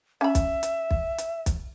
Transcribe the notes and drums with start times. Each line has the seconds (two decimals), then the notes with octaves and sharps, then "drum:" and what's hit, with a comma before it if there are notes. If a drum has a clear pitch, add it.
0.21 C#4 E5 B5
0.35 drum: kick, hi-hat
0.63 drum: hi-hat
0.91 drum: kick
1.18 drum: hi-hat
1.46 drum: kick, hi-hat